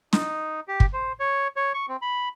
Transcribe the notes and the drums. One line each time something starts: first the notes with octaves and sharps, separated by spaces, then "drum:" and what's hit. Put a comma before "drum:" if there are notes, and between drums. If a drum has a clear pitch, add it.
D#4, drum: snare
G4
drum: kick
C5
C#5
C#5
C#6
C4
B5